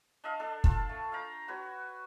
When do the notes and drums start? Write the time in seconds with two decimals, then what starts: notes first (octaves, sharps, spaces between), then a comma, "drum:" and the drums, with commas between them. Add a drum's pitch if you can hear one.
0.24 D4 D#5 F5
0.39 D4 A4
0.64 F4 A5, drum: kick
0.89 A3
1.12 F5 G5 A#5
1.48 F#4 B4 C#5